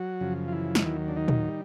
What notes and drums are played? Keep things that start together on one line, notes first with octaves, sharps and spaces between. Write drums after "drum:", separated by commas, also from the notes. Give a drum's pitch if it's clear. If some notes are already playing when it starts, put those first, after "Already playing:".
Already playing: F#3 F#4
F#2 C#3 F3
F4
E3 E4
drum: snare
D#2 D#3 F#3
D4
D#3 D#4
drum: tom
G3